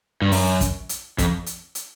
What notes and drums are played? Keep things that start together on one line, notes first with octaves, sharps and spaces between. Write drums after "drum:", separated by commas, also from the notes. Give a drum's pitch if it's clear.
G2
F#2, drum: open hi-hat
drum: kick, hi-hat
drum: hi-hat
F2, drum: kick, hi-hat
drum: hi-hat
drum: hi-hat